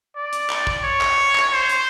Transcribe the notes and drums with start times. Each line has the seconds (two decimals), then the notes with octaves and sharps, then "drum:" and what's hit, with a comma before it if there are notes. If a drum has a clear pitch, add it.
0.16 D5
0.33 drum: hi-hat
0.50 drum: clap
0.67 drum: kick
0.84 C#5
1.01 drum: clap
1.35 drum: clap
1.53 C5
1.69 drum: hi-hat